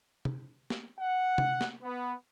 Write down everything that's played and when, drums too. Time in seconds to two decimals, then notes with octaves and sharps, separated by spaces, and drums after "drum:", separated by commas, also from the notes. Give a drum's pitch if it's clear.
0.25 drum: tom
0.70 drum: snare
1.00 F#5
1.38 drum: tom C3
1.61 drum: snare
1.83 B3